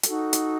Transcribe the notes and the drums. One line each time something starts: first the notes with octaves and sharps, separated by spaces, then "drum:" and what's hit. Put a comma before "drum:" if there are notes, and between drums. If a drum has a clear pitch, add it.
D#4 F#4 A4, drum: hi-hat
drum: hi-hat